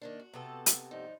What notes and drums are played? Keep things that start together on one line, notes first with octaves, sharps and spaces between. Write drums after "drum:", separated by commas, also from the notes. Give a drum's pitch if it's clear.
D#3 A#3 D4
F#4
C3 B3 A4
drum: hi-hat
G2 F3 D#4